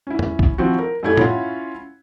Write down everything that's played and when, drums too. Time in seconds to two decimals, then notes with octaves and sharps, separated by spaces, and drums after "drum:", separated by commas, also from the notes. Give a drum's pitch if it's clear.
0.07 C#4 E4
0.19 drum: tom E2
0.39 drum: kick C2
0.58 F3 C4 E4 F#4
0.79 A#4
1.03 F#2 G3 A3 E4 G#6
1.17 C#4 E4 F4 C#5 F#5 B5, drum: tom A2